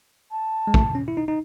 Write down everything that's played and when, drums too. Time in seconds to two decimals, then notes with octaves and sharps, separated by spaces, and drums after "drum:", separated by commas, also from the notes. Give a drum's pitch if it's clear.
0.31 A5
0.67 G#3
0.74 A3, drum: kick
0.95 C#4
1.08 E4
1.17 D#4
1.28 D#4